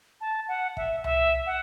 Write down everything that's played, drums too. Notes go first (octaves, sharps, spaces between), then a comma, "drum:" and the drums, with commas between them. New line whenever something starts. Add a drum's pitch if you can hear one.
A5
F#5
E5, drum: kick
E5, drum: tom C2
F#5